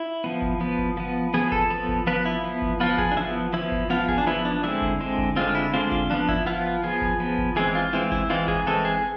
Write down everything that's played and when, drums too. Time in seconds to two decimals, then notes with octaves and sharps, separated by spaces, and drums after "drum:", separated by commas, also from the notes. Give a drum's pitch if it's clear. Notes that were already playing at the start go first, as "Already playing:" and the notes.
Already playing: E4
0.24 F3 B3
0.42 drum: kick G1
0.61 F3 B3
0.79 drum: kick G1
0.97 F3 B3
1.34 F3 B3 G#4
1.52 A4, drum: kick G1
1.70 F3 B3
1.89 drum: kick G1
2.07 F3 B3 B4
2.26 E4
2.44 F3 B3
2.62 drum: kick G1
2.80 F3 B3 F4
2.98 G#4, drum: kick G1
3.11 D4
3.17 F3 B3 E4
3.53 F3 B3 E4
3.72 drum: kick G1
3.90 F3 B3 F4
4.09 G#4, drum: kick G1
4.18 D4
4.27 F3 B3 E4
4.45 D4
4.63 D3 G#3 C4 E4
4.82 drum: kick G1
5.00 D3 G#3 C4
5.18 drum: kick G1
5.36 D3 G#3 C4 F4
5.55 E4
5.73 D3 G#3 C4 F4
5.92 F4, drum: kick G1
6.10 F3 B3 D4
6.29 E4, drum: kick G1
6.46 F3 B3 F4
6.83 F3 B3 G#4
7.02 drum: kick G1
7.20 F3 B3
7.38 drum: kick G1
7.56 E3 G#3 C4 G#4
7.75 F4
7.93 E3 G#3 C4 E4
8.12 E4, drum: kick G1
8.30 E3 G#3 C4 F4
8.48 G#4, drum: kick G1
8.67 E3 G#3 C4 A4
8.85 G#4